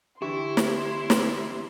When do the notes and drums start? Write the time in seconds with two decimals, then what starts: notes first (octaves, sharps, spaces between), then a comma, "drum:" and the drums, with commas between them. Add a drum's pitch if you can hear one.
0.22 D3 E3 E4 G4 C6 C#6
0.57 drum: snare
1.10 drum: snare